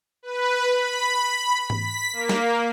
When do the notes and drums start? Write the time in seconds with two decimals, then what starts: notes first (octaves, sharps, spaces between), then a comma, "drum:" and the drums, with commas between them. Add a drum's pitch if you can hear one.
0.23 B4
0.67 B5
1.70 B6, drum: tom G#2
2.13 A#3
2.29 drum: snare